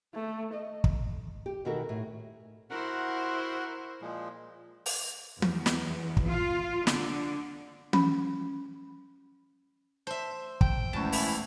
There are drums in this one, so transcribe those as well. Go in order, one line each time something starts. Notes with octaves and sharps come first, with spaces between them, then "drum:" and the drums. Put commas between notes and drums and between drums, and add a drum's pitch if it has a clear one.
A3
D#5
drum: kick
G4
B2 D#3 E3 F#4 A4 A#4
A2
E4 F#4 A#4 C5 F#5
A#2 F3 G#3
drum: open hi-hat
E2, drum: tom E3
drum: snare
drum: kick
F4
D3, drum: snare
C#4 B5, drum: tom E3
C5 E5 A5
G5, drum: kick
E2 G#3 A3 C#4 A5
E4, drum: open hi-hat